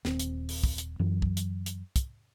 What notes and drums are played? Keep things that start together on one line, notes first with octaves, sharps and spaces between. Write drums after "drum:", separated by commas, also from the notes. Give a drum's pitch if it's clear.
D#1 C4, drum: snare
drum: hi-hat
drum: open hi-hat
drum: kick
drum: hi-hat
F#2 E3 F#3
drum: kick
drum: hi-hat
drum: hi-hat
drum: kick, hi-hat